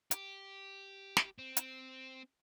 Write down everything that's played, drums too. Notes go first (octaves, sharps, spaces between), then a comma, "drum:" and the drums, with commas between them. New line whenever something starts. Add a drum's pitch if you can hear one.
G4, drum: hi-hat
drum: snare
C4
drum: hi-hat